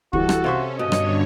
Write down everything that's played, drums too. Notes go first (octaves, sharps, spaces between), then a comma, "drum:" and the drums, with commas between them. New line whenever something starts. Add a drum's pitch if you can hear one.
E3 G3 E4 F#4 A4, drum: kick
drum: rim click
C3 C#4 C5 E5 F5 C#6
G2 B2 D3 C#5 D#5
drum: rim click